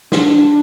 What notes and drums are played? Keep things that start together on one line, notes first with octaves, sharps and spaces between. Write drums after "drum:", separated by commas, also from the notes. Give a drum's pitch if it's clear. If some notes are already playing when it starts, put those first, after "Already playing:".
D4, drum: snare
D4